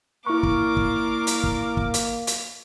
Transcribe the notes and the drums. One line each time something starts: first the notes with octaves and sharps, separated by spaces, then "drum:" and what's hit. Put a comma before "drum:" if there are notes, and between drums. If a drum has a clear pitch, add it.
A#3 E4 A#4 D5 F5 C#6 D6
drum: kick
drum: kick
drum: hi-hat
drum: kick
drum: kick
drum: hi-hat
drum: hi-hat